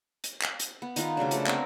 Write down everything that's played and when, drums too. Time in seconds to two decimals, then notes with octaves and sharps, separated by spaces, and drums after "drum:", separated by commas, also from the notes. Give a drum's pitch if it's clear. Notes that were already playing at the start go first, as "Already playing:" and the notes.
0.24 drum: hi-hat
0.42 drum: clap
0.60 drum: hi-hat
0.82 B3
0.96 D#3 D#4 F4 B4, drum: hi-hat
1.17 C#3 F#3 A3 D4
1.31 F3 A3, drum: hi-hat
1.47 B3 C4 A#4, drum: clap